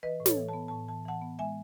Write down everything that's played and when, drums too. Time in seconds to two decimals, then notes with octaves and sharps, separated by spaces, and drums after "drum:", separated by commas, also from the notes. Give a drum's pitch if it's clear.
0.03 E3 B4 D#5
0.20 A2
0.26 A4 C#5, drum: snare
0.37 E3
0.49 B3 A5
0.68 A2 A5
0.88 E3 A5
1.05 E3 F#5 A5
1.22 B3
1.39 G#3 E5 G#5